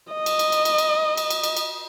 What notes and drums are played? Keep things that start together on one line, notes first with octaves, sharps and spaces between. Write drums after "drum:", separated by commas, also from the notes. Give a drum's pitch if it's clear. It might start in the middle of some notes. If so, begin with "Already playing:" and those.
D#5
drum: cymbal
drum: cymbal
drum: cymbal
drum: cymbal
drum: cymbal
drum: cymbal
drum: cymbal
drum: cymbal
drum: cymbal